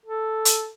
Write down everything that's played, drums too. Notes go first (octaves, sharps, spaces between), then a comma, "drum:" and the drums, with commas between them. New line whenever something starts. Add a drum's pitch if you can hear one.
A4
drum: hi-hat